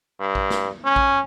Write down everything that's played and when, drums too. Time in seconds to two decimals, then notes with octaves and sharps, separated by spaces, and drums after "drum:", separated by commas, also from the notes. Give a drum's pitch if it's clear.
0.20 G2
0.35 drum: kick A1
0.50 drum: snare
0.85 C#4
0.96 drum: kick A1